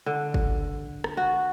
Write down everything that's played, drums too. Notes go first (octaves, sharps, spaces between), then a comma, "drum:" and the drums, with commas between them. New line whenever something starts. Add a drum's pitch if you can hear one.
D3
drum: kick
drum: rim click
F#4